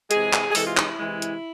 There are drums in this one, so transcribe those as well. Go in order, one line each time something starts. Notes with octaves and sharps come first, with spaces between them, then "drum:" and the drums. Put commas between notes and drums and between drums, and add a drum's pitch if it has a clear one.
C3 E3 G#3 G#4, drum: hi-hat
drum: clap
G#4
C3 E3 G#3 A4, drum: open hi-hat
F4
D#4, drum: clap
E4
C3 E3 G#3
drum: hi-hat